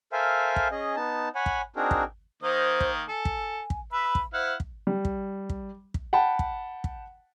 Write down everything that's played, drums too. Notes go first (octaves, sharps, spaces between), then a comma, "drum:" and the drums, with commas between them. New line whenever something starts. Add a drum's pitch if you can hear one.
A4 A#4 C5 E5 F5 G#5
drum: kick
C#4 G#4 D#5
B3 D#4 A5
C#5 F#5 G#5 B5
drum: kick
C4 D4 D#4 F#4 G#4 A#4
drum: kick
D#3 A#3 C5 D#5
drum: kick
A4 G#5
drum: kick
drum: kick
B4 E5 B5
drum: kick
E4 C5 F5 F#5
drum: kick
G3
drum: kick
drum: kick
drum: kick
F#5 G5 A5 B5
drum: kick
drum: kick